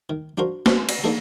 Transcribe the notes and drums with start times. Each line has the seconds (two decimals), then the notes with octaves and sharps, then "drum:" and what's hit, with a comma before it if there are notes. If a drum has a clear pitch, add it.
0.10 D#3
0.38 D4 F4 F#4 A#4 C5
0.66 D4 F#4 C5, drum: snare
0.89 drum: cymbal
1.04 A#3 B3 D4 D#4 G#4 A4